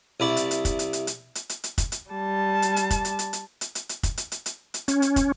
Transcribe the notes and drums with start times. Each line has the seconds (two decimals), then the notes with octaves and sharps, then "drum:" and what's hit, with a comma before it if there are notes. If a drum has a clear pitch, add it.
0.20 C2 E4 D5
0.37 drum: hi-hat
0.51 drum: hi-hat
0.65 drum: kick, hi-hat
0.79 drum: hi-hat
0.93 drum: hi-hat
1.07 drum: hi-hat
1.35 drum: hi-hat
1.49 drum: hi-hat
1.64 drum: hi-hat
1.78 drum: kick, hi-hat
1.92 drum: hi-hat
2.11 G3 A5
2.62 drum: hi-hat
2.76 drum: hi-hat
2.91 drum: kick, hi-hat
3.05 drum: hi-hat
3.19 drum: hi-hat
3.33 drum: hi-hat
3.61 drum: hi-hat
3.75 drum: hi-hat
3.89 drum: hi-hat
4.03 drum: kick, hi-hat
4.17 drum: hi-hat
4.32 drum: hi-hat
4.46 drum: hi-hat
4.74 drum: hi-hat
4.88 C#4, drum: hi-hat
5.02 drum: hi-hat
5.16 drum: kick, hi-hat